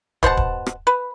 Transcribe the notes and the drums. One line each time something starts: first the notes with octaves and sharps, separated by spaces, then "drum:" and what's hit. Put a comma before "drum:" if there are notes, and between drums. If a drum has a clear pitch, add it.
B2 C5 F#5 A5, drum: kick
drum: kick
drum: rim click
B4